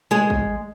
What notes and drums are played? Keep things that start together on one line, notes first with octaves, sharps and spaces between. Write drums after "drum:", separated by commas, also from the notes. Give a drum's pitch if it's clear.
G#3 G#4
drum: kick